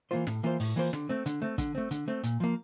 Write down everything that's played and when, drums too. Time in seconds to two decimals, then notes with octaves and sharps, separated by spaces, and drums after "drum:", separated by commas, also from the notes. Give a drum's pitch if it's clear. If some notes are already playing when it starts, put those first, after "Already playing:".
0.11 E3 A#3 F4 C5
0.27 A2, drum: snare
0.43 E3 A#3 F4 C5
0.60 A2, drum: open hi-hat
0.76 E3 A#3 F4 C5
0.93 D3, drum: snare
1.09 A3 C4
1.26 D3, drum: hi-hat
1.42 A3 C4
1.58 D3, drum: kick, hi-hat
1.75 A3 C4
1.91 D3, drum: hi-hat
2.08 A3 C4
2.23 A#2, drum: hi-hat
2.40 F3 A#3